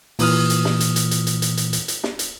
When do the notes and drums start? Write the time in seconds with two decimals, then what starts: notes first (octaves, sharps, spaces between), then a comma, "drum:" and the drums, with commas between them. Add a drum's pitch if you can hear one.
0.19 A#2 E3 D#6 F6, drum: open hi-hat
0.50 drum: hi-hat
0.65 drum: snare
0.80 drum: hi-hat
0.96 drum: hi-hat
1.11 drum: hi-hat
1.27 drum: hi-hat
1.42 drum: hi-hat
1.57 drum: hi-hat
1.73 drum: hi-hat
1.88 drum: hi-hat
2.04 drum: snare
2.19 drum: hi-hat